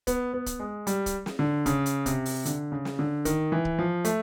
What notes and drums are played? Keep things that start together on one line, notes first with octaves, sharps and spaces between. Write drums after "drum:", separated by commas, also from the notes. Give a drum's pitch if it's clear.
B3, drum: kick, hi-hat
B3
drum: kick, hi-hat
G#3
G3, drum: hi-hat
drum: kick, hi-hat
drum: snare
D3
C#3, drum: kick, hi-hat
drum: hi-hat
C3, drum: kick, hi-hat
drum: open hi-hat
D3, drum: hi-hat
C#3
drum: snare
D3
D#3, drum: kick, hi-hat
E3
drum: kick
F3
A3, drum: hi-hat